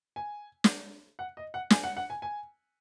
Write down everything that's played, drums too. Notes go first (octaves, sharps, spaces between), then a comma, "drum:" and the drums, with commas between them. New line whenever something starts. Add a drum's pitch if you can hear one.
G#5
drum: snare
F#5
D#5
F#5
G#5, drum: snare
F#5
F#5
G#5
G#5